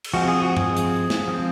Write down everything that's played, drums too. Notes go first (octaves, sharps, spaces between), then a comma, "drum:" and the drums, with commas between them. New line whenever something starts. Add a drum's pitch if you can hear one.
drum: cymbal
F3 G#3 C4 F#4
G#4
F#4
G#4, drum: tom G2
drum: hi-hat
drum: snare
F3 C4